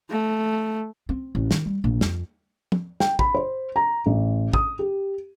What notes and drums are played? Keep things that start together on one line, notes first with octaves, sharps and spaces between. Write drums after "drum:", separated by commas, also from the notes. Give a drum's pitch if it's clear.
A3
C4
A1
D#3, drum: snare
G3
A#1
F2, drum: snare
drum: tom
G5, drum: snare
B5, drum: kick
C5
A#5
A1
D#6, drum: kick
G4